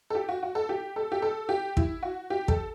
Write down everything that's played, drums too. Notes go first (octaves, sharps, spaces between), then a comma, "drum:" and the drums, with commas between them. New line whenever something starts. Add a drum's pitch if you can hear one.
A4
G4
F#4
F#4
A4
G4
A4
G4
A4
G4
E4, drum: kick
F#4
G4
A4, drum: kick